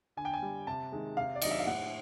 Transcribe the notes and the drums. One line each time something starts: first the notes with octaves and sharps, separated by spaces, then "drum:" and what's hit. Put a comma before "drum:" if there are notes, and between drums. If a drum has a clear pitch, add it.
D3 G#5
G5
G#5
G3
C3 A5
D#3 G#3
C3 F5
D5
D#3 F#3 D#5, drum: cymbal
E5
F5
A2 F#5